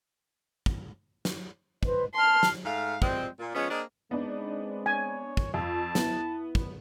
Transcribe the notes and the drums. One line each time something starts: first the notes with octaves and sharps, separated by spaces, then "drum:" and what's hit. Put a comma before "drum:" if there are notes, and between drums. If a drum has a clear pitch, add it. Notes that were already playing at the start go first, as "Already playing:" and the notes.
drum: kick
drum: snare
B4 C5 D#5, drum: kick
A5 C6 F6
drum: snare
G#2 A3 F5
F3 G3 G#3 C4, drum: kick
A#2
F3 G#3 B3 C#4
A#3 C4 D4 G#4 D#5
G#3 B3 C4 D4 D#4
C#5 G#5
drum: kick
F2 F4 A5
B3 E4, drum: snare
drum: kick